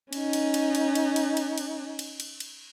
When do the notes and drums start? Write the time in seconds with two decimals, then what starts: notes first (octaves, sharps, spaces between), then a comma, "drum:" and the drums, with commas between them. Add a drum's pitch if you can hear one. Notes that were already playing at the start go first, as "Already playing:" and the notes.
0.13 C#4 D#4, drum: cymbal
0.33 drum: cymbal
0.54 drum: cymbal
0.75 drum: cymbal
0.95 drum: cymbal
1.16 drum: cymbal
1.37 drum: cymbal
1.58 drum: cymbal
1.99 drum: cymbal
2.20 drum: cymbal
2.40 drum: cymbal